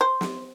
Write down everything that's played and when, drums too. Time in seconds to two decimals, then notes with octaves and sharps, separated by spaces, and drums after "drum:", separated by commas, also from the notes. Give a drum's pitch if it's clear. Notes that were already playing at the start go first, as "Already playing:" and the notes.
0.01 C5
0.21 drum: snare